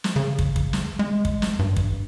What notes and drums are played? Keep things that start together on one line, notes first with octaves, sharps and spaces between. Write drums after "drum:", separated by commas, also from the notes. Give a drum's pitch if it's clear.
drum: snare
C#3
drum: kick
drum: kick
drum: snare
G#3
drum: kick
drum: snare
G2
drum: kick